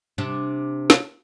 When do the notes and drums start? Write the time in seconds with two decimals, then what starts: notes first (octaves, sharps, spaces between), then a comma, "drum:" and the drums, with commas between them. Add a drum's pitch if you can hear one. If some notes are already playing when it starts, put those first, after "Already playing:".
0.18 C3 D4
0.90 drum: snare